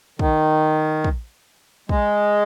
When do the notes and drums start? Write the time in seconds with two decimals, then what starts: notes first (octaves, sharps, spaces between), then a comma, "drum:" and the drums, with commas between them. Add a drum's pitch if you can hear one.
0.19 D#3, drum: kick
1.04 drum: kick
1.89 G#3, drum: kick